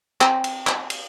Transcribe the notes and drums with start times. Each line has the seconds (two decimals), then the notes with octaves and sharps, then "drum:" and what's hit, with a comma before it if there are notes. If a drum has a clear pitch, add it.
0.21 C4, drum: clap
0.44 drum: cymbal
0.67 drum: clap
0.90 drum: cymbal